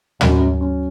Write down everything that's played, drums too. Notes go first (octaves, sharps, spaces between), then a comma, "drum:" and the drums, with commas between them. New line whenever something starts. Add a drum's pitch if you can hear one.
F#2 C#4, drum: tom
F#3
C#4